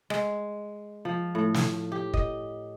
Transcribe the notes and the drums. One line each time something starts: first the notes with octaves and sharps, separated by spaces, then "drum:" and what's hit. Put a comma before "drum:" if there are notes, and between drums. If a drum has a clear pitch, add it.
G#3, drum: rim click
F3
A2
drum: snare
G4
D#5, drum: kick